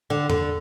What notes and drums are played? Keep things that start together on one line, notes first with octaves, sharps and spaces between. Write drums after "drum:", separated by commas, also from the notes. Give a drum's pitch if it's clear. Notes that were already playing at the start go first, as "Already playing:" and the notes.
D3
D3, drum: tom E2